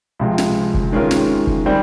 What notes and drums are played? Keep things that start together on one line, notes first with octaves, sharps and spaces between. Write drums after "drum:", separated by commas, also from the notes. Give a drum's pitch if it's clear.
C#2 C3 F3 G#3
drum: snare
drum: kick
D#3 G#3 C#4 F4 A#4
drum: snare
drum: kick
D#3 G3 C4